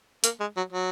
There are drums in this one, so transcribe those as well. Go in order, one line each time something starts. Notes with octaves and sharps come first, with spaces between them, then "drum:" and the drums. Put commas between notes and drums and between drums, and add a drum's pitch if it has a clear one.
A#3, drum: hi-hat
G#3
F#3
F#3